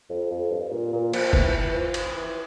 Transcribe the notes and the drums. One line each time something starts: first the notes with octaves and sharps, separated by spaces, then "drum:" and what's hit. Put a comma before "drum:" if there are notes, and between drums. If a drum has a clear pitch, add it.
F2
F2
G2
A#2
A#2
F3, drum: cymbal
E3, drum: kick
E3
F3
drum: cymbal
E3